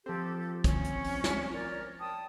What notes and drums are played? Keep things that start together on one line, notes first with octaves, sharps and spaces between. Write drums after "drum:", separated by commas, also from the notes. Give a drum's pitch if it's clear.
F3 C4 G4 A4
C#4, drum: kick, hi-hat
drum: hi-hat
drum: open hi-hat
drum: snare
A#4 C#5 D5
G5 A5 D#6